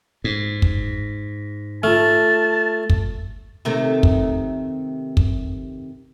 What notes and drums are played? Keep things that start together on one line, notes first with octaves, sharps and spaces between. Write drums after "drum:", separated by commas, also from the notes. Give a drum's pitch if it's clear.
G#2
drum: kick
A3 F4 A5 F6
drum: kick
C3 D#3 A3
drum: kick
drum: kick